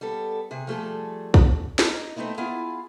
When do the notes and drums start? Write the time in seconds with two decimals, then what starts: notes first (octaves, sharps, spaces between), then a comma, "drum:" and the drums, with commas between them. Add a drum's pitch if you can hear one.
0.01 G3 B3 A4
0.51 C3 G#4
0.67 F3 G3 A3 F#4 G#4 A4
1.34 drum: kick
1.79 drum: snare
1.88 D#4
2.16 A3 B3 C4 D#4 E4
2.37 B3 E4 F4 G#4 F5 G#5